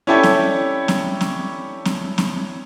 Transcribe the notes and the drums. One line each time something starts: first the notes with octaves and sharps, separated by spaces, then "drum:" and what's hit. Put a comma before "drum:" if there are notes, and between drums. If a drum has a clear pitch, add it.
C#4 E4 G4 A4 C#5 D5
drum: snare C4
drum: snare C4
drum: snare C4
drum: snare C4
drum: snare C4